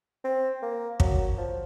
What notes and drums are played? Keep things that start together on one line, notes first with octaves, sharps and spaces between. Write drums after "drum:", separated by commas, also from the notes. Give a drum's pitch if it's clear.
C4
A#3
F#3, drum: kick
F3